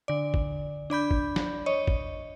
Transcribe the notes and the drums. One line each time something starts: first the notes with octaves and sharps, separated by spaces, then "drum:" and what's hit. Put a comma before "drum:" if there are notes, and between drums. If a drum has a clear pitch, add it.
D3 D5
drum: kick
D4 D5 B5 G6
drum: kick
drum: snare
C#5 D#5
drum: kick